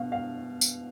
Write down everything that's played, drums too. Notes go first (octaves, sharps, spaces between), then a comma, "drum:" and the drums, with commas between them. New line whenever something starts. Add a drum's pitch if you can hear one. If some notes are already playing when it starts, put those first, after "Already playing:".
Already playing: B2 F5
F5
drum: tambourine